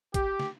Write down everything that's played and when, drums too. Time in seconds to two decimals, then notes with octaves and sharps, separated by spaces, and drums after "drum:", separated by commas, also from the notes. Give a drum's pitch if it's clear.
0.14 G4, drum: kick, hi-hat
0.40 drum: snare